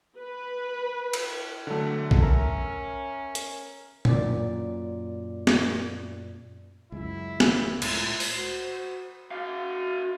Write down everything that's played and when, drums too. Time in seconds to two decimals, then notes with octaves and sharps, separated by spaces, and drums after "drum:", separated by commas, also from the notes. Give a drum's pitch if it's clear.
0.18 B4
1.13 drum: cymbal
1.67 D3 F#3 A3
2.11 drum: kick
2.22 C#4 A#4 E5 A#5
3.35 drum: hi-hat
4.05 F#2 A#2 D5, drum: tom A#2
5.47 drum: snare
6.92 C#2 F#2 E4
7.40 drum: snare
7.82 C#2 A2 E4, drum: cymbal
8.20 C5, drum: open hi-hat
8.33 F#4
9.31 F#4 F5